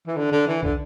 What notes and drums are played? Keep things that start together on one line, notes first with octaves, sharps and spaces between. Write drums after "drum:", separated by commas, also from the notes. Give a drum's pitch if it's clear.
E3
D3
D3
E3
D3, drum: kick